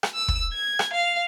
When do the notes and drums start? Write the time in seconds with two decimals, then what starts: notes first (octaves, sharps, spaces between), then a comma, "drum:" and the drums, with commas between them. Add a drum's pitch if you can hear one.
0.03 drum: rim click
0.15 E6
0.28 drum: kick
0.54 G#6
0.79 drum: rim click
0.93 F5